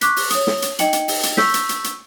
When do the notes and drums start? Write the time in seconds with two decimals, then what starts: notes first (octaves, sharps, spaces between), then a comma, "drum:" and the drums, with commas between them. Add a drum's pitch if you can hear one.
0.01 C#6 D6 F#6 B6, drum: hi-hat
0.16 drum: open hi-hat
0.30 C#5 D#6, drum: hi-hat
0.47 drum: snare
0.62 drum: hi-hat
0.79 D#4 D#5 G5 C#7 F#7, drum: hi-hat
0.93 drum: hi-hat
1.08 drum: open hi-hat
1.23 drum: hi-hat
1.37 C#6 E6 G6 B6, drum: snare
1.54 drum: hi-hat
1.69 drum: hi-hat
1.84 drum: hi-hat